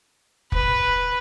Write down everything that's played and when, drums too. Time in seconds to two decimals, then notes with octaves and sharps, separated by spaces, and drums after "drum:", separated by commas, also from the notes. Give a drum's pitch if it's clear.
0.52 B4, drum: kick